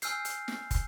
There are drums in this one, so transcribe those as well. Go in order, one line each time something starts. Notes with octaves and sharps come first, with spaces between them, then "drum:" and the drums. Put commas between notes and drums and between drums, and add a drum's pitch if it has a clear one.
G#5 E6 F6 G6 C7, drum: hi-hat
drum: hi-hat
drum: snare
drum: kick, hi-hat